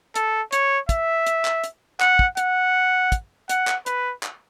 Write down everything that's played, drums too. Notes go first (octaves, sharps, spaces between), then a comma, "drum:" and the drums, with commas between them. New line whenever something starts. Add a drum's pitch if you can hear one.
A4, drum: hi-hat
C#5, drum: hi-hat
E5, drum: kick, hi-hat
drum: hi-hat
drum: clap
drum: hi-hat
F#5, drum: clap
drum: kick
F#5, drum: hi-hat
drum: kick, hi-hat
F#5, drum: hi-hat
drum: clap
B4, drum: hi-hat
drum: clap